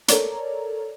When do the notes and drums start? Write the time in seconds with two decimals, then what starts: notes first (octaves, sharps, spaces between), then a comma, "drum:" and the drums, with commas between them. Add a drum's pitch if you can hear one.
0.08 A4 A#4 C#5 D5 A#5, drum: hi-hat